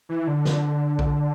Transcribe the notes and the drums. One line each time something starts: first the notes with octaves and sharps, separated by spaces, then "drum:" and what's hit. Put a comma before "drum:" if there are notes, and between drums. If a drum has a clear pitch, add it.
E3
D3
drum: snare
drum: kick A#1